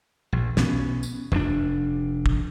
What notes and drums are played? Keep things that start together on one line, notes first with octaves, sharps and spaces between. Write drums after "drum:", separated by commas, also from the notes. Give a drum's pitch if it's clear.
A#1
B1 B3 C#4, drum: snare
drum: tambourine
F1 A2 D4, drum: tom F2
drum: kick